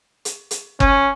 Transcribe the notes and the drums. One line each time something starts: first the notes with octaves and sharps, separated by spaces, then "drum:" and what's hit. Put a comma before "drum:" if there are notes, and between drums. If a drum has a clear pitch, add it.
drum: hi-hat
drum: hi-hat
C#4, drum: kick F#1